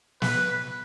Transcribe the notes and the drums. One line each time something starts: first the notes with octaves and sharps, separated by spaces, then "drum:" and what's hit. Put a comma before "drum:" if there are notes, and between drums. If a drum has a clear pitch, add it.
B4, drum: snare